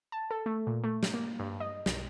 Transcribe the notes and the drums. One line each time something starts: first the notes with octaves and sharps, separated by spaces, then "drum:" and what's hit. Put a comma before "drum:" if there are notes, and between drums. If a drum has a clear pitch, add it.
A5
A4
A3
A#2
A3
drum: snare
A#3
G2
D#5
B1, drum: snare